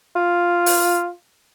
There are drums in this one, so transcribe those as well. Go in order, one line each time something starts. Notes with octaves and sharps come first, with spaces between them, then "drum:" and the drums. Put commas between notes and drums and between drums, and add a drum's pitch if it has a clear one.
F4
drum: open hi-hat